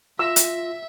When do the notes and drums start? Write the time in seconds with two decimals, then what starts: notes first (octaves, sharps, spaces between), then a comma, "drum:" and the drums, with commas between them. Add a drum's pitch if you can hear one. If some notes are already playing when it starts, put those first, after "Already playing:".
0.19 F4 E5 E6 A#6
0.36 drum: hi-hat